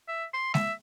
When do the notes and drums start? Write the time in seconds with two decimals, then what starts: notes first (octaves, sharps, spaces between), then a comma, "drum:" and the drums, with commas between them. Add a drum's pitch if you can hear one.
0.08 E5
0.33 C6
0.54 E5, drum: snare G#3